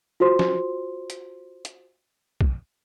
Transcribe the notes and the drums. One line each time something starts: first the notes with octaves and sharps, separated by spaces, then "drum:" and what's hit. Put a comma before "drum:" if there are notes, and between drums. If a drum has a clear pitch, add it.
F4 F#4 C5 C6
drum: snare
drum: hi-hat
drum: hi-hat
drum: kick